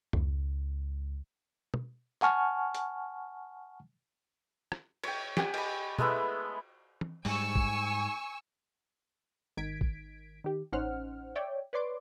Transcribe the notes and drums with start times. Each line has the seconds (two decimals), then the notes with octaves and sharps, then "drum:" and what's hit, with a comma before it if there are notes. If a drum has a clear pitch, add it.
0.13 C#2, drum: tom F2
1.74 drum: tom
2.22 F#5 G#5 A5 C#6 F6, drum: clap
2.74 drum: hi-hat
4.72 drum: rim click
5.03 C#5 G5, drum: cymbal
5.37 G4 F#5 G#5, drum: snare
5.54 D#5 B5, drum: cymbal
5.99 G#3 A3 B3 E4, drum: tom
7.01 drum: tom
7.25 G#2 G3 G#5 C#6 E6, drum: open hi-hat
7.55 drum: kick
9.57 G#1 D#3 G#6 B6 D7
9.81 drum: kick
10.44 D#3 G4
10.72 A1 C#4 D#4 C5 F#5 F6
11.35 C#5 D5 E5 G5
11.73 B4 C#5 D5 C6 D6